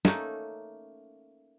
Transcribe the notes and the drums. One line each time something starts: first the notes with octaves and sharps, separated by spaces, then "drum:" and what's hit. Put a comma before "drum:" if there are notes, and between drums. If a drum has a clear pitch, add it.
A3 A#3 C#4 D#4, drum: snare